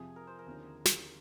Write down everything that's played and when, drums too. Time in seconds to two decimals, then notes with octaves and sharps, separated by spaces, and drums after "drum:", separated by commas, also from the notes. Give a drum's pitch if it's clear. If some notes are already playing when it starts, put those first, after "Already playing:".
Already playing: F2 C3 F3 G#4
0.16 A#4
0.27 C5
0.39 A#4
0.46 D#2 D3 F3 C4 F4
0.85 drum: snare